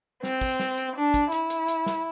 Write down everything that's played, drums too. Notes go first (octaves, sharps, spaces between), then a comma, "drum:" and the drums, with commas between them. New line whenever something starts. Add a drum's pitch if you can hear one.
C4, drum: snare
drum: kick, open hi-hat
drum: snare
drum: hi-hat
D4
drum: kick, hi-hat
E4, drum: hi-hat
drum: hi-hat
drum: hi-hat
drum: snare